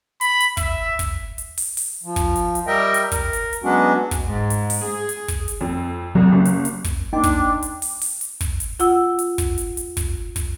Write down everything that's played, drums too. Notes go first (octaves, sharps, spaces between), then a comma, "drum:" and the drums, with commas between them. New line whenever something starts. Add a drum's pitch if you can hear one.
B5, drum: hi-hat
drum: hi-hat
E5, drum: kick, hi-hat
drum: kick, hi-hat
drum: hi-hat
drum: open hi-hat
drum: open hi-hat
F3
drum: kick, hi-hat
drum: hi-hat
drum: hi-hat
G3 A#4 D#5 E5 G5
drum: hi-hat
A#4, drum: kick, hi-hat
drum: hi-hat
drum: hi-hat
F#3 G#3 B3 C#4 D4 F#4
drum: kick, hi-hat
G#2
drum: hi-hat
drum: open hi-hat
G#4
drum: hi-hat
drum: kick, hi-hat
drum: hi-hat
F2
C2 F#3
F#1
drum: hi-hat
drum: hi-hat
drum: kick, hi-hat
A#3 D4 D#4 G5 C6 D6
drum: kick, hi-hat
drum: hi-hat
drum: open hi-hat
drum: open hi-hat
drum: hi-hat
drum: kick, hi-hat
drum: hi-hat
F4 F#5 E6, drum: hi-hat
drum: hi-hat
drum: kick, hi-hat
drum: hi-hat
drum: hi-hat
drum: kick, hi-hat
drum: kick, hi-hat